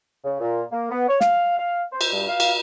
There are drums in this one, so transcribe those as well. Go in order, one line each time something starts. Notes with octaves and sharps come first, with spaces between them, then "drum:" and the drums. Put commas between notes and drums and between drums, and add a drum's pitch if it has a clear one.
C#3
A#2
A#3
B3
C#5
F5, drum: snare
F5
C5
drum: cymbal
G2
F5
drum: cymbal